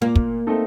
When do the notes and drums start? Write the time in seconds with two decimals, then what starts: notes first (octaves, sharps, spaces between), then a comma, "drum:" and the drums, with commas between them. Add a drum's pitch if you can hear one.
0.01 A#2 A#3
0.16 drum: kick
0.47 A3 C4 D#4 A4